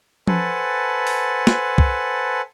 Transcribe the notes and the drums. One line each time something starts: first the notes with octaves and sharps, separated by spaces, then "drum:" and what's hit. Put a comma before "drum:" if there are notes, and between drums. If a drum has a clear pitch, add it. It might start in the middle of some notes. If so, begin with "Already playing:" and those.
A4 B4 C5 F#5 G#5 A5, drum: tom F3
drum: open hi-hat
drum: snare
drum: kick